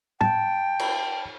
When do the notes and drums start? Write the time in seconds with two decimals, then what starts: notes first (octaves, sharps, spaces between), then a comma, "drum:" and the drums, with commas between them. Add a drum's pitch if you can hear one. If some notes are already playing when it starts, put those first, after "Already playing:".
0.21 G5 A5, drum: tom A2
0.79 drum: cymbal